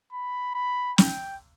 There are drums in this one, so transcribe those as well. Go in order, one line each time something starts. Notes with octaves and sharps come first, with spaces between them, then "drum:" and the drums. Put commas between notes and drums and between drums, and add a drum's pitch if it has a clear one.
B5
B5
G5, drum: snare